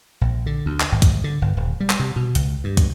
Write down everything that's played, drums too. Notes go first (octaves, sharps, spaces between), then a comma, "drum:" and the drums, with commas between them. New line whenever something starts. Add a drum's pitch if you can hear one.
A#1
D3
D2
drum: clap
G#1
drum: kick, hi-hat
D3
G1
D#1
G3
drum: clap
C3
B2
C#2, drum: hi-hat
G2
drum: kick, hi-hat